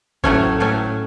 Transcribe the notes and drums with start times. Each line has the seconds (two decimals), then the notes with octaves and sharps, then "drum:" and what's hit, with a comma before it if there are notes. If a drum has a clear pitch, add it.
0.24 A2 F#3 A3 C#4, drum: kick G1
0.60 A2 F#3 A3 C#4